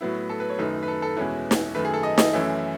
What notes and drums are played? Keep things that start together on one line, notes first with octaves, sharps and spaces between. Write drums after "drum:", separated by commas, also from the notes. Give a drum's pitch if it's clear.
A2 F#3 B3 E4
A4
B4
C#5
F#2 D#3 A3 D#4 B4
B4
A4
A4
E2 B2 G#3 C#4 E4 B4
drum: snare
F#2 D#3 A3 B4
G#4
A4
D#5
D#5, drum: snare
F#2 E3 A3 C#4 E4